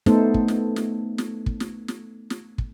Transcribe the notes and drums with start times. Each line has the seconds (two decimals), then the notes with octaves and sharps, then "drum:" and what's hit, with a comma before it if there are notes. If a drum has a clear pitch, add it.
0.06 A3 B3 D#4 A4 C5, drum: snare
0.34 drum: kick
0.48 drum: snare
0.76 drum: snare
1.18 drum: snare
1.46 drum: kick
1.60 drum: snare
1.88 drum: snare
2.30 drum: snare
2.58 drum: kick